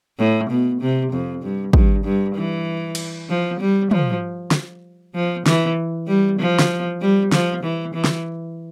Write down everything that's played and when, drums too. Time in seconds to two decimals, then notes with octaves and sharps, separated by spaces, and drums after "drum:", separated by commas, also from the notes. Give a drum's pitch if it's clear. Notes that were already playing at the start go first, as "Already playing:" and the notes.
0.19 A2
0.50 B2
0.81 C3
1.12 F2
1.42 G2
1.73 G2, drum: kick
2.05 G2
2.35 E3
2.95 drum: cymbal
3.29 F3
3.60 G3
3.91 F3, drum: tom
4.51 drum: snare
5.14 F3
5.46 E3, drum: snare
6.07 G3
6.39 F3
6.59 drum: snare
7.01 G3
7.32 F3, drum: snare
7.63 E3
7.94 E3
8.04 drum: snare